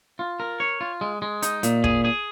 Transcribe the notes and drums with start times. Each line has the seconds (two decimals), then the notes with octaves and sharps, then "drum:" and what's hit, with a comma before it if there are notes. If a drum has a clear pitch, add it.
0.19 F4
0.40 A#4
0.60 C#5
0.81 F4
1.01 G#3
1.22 G#3
1.42 D#4, drum: hi-hat
1.63 A#2, drum: hi-hat
1.84 G#4, drum: kick
2.05 G#4